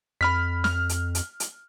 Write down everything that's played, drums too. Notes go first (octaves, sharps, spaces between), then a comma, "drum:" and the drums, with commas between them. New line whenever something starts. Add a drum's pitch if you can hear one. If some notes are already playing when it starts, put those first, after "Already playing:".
F2 B5 F6 B6
F6, drum: snare
drum: hi-hat
drum: hi-hat
drum: hi-hat